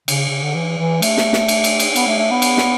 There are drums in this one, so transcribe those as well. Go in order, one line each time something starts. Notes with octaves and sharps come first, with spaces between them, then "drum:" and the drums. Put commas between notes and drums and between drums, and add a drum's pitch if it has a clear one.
C#3, drum: cymbal
C#3
D3
E3
E3
A3, drum: cymbal
drum: snare
drum: snare
drum: cymbal
drum: cymbal
drum: cymbal
B3, drum: cymbal
A3
A3
B3
drum: cymbal
drum: snare